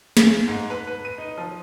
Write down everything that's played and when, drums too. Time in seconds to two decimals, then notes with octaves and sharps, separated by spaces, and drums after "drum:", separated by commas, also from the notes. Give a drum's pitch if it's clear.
0.17 G#4, drum: snare
0.47 G#2
0.70 B4
0.87 B4
1.05 D#7
1.18 D#4
1.38 F3